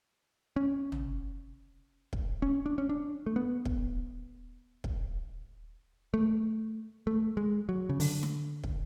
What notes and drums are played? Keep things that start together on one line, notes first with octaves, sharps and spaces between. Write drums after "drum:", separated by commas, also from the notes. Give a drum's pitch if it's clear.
C#4
drum: tom
drum: kick
C#4
D4
C#4
D4
A3
B3
drum: kick
drum: kick
A3
A3
G#3
F#3
C#3
D3, drum: open hi-hat
drum: snare
drum: kick